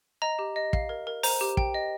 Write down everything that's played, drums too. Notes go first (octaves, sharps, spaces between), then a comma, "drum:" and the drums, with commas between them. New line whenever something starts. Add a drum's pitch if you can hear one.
D#5 A#5
G4
D#5
F5, drum: kick
A#4
A#4
C5 A#5, drum: open hi-hat
G4
G5, drum: kick
D#5